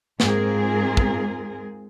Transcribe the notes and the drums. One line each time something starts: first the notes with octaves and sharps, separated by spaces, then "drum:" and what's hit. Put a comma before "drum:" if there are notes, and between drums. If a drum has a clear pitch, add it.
G#2 C4 F4 G#4 A#4, drum: snare
drum: kick